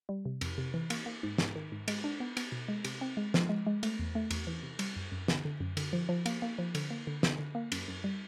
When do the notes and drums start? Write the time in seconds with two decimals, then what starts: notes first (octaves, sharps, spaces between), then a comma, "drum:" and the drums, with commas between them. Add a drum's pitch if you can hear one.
0.09 G3
0.25 C3
0.41 F2, drum: cymbal
0.58 C3
0.74 E3
0.90 A#3, drum: cymbal
1.06 A#3
1.23 G#2
1.38 G#2, drum: snare
1.55 D#3
1.72 G#2
1.88 G#3, drum: cymbal
2.04 D4
2.20 B3
2.37 B3, drum: cymbal
2.52 B2
2.68 G#3
2.85 C3, drum: cymbal
3.01 C4
3.17 G#3
3.34 F3, drum: snare
3.49 G#3
3.66 G#3
3.83 A3, drum: cymbal
3.99 E2
4.15 A3
4.31 E2, drum: cymbal
4.47 E3
4.63 C3
4.79 G3, drum: cymbal
4.96 F#2
5.12 F#2
5.28 D3, drum: snare
5.45 D3
5.60 F#2
5.77 D3, drum: cymbal
5.93 F3
6.09 F3
6.26 A#3, drum: cymbal
6.42 A#3
6.59 F3
6.75 D3, drum: cymbal
6.91 A#3
7.07 D3
7.23 D3, drum: snare
7.39 D3
7.55 A#3
7.72 F#2, drum: cymbal
7.88 F#2
8.04 G3